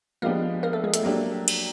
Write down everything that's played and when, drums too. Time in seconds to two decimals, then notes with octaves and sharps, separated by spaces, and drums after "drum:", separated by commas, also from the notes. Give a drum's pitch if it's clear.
0.22 F3 G#3 A#3 B3 D4 G4 A#4
0.63 A#3 A#4
0.73 A3 A4
0.84 G#3 G#4
0.94 A3 A4, drum: hi-hat
1.03 F#3 A#3 D4 G4
1.48 drum: cymbal